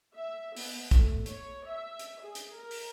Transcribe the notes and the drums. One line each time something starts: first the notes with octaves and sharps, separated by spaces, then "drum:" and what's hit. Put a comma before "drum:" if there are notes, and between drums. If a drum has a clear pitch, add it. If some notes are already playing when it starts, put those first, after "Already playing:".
E5
B3, drum: open hi-hat
A3, drum: kick, hi-hat
C#5, drum: hi-hat
E5
drum: hi-hat
G#4
drum: hi-hat
A#4
drum: open hi-hat